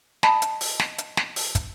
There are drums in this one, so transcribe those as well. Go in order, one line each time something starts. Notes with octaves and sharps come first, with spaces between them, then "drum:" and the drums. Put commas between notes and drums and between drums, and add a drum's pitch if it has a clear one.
D#5 A5 B5, drum: snare
drum: hi-hat
drum: open hi-hat
drum: snare
drum: hi-hat
drum: snare
drum: open hi-hat
drum: kick, hi-hat